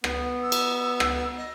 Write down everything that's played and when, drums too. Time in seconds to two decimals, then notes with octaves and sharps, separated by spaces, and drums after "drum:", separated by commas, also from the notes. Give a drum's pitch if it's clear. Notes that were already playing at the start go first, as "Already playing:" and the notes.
0.04 B3, drum: rim click
0.43 E6
0.52 drum: cymbal
1.00 drum: rim click
1.38 D#5